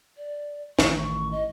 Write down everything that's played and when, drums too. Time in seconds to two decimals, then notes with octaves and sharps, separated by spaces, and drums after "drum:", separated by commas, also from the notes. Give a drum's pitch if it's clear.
0.17 D5
0.79 A1 D#3 C#6, drum: snare
1.04 C#6
1.31 D#5